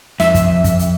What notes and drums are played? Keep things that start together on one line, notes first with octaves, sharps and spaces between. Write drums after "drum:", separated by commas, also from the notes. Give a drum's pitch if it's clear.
F2 E5, drum: snare
drum: kick, hi-hat
drum: kick, hi-hat
drum: hi-hat